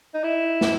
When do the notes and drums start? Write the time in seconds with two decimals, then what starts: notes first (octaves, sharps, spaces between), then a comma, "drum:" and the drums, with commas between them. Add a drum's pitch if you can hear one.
0.14 D#4
0.24 E4
0.61 drum: snare